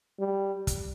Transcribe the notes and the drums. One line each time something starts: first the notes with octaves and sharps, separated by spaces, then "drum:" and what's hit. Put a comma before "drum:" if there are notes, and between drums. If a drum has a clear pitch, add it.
G3
drum: kick, hi-hat